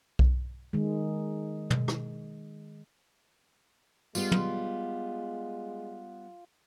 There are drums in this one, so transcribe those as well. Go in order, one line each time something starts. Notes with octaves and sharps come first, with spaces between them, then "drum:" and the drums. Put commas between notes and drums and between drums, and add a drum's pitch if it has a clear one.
drum: kick B1
D#3 G#3
drum: tom
drum: rim click
G3 G#3 B3 F4, drum: tambourine
drum: tom